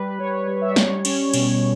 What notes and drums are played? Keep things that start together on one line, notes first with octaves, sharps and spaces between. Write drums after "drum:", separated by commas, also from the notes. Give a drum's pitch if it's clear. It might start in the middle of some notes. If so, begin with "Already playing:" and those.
Already playing: G3 B4
G3 C#5
G3 B4
E5
D5
G3 C#5, drum: snare
C#4, drum: cymbal
B2, drum: cymbal